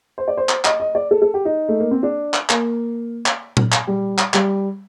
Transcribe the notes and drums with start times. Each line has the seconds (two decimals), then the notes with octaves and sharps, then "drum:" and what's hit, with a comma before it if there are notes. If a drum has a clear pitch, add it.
0.18 C5
0.28 D5
0.37 C5
0.49 drum: clap
0.64 D#5, drum: clap
0.80 D#5
0.95 D5
1.11 A4
1.22 A4
1.34 G4
1.45 D#4
1.69 A3
1.80 A#3
1.91 C4
2.03 D4
2.34 drum: clap
2.49 A#3, drum: clap
3.26 drum: clap
3.57 drum: tom A#2
3.72 drum: clap
3.87 G3
4.18 drum: clap
4.34 G3, drum: clap